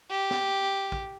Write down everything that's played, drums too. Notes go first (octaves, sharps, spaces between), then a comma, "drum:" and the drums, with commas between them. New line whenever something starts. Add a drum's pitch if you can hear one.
G4
drum: snare
drum: kick